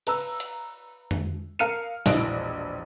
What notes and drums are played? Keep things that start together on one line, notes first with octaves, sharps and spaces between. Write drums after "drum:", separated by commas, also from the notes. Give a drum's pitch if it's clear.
B4 A#5 E6, drum: cymbal
drum: hi-hat
drum: tom F2
A#4 F5 F6 C#7 D#7
E1 A#1 E4 D#5 F#6 D7, drum: snare